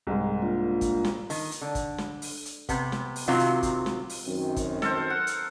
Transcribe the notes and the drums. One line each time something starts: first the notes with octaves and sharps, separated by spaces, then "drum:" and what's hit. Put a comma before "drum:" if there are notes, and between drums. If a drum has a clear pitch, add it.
C2 G#2
A#3 D4 F4
drum: kick, hi-hat
drum: snare
D#3, drum: open hi-hat
drum: hi-hat
D3
drum: kick, hi-hat
drum: snare
drum: open hi-hat
drum: hi-hat
C3 B3, drum: kick, hi-hat
drum: snare
drum: open hi-hat
C3 D#3 F#3 C4 F4 F#4
drum: hi-hat
drum: kick, hi-hat
drum: snare
drum: open hi-hat
F#2 D#3 C4
drum: kick, hi-hat
A4 A#4 C5, drum: snare
F#5
drum: hi-hat